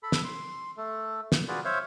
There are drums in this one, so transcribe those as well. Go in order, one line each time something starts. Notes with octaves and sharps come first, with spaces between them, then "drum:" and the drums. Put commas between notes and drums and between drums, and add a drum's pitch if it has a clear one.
A4 B5
drum: snare
C6
A3 A4
drum: snare
F4 F#4 G#4 B4 D5
C5 C#5 E5 F5